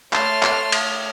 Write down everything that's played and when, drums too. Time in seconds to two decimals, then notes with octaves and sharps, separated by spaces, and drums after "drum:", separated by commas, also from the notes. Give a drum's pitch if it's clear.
0.13 A3 C#5 A5 C6 F6, drum: clap
0.43 drum: clap
0.72 drum: cymbal